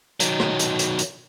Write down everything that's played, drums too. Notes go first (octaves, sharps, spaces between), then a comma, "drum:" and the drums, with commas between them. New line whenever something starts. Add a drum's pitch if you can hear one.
D#3 F#3, drum: hi-hat
drum: rim click
drum: hi-hat
drum: hi-hat
drum: hi-hat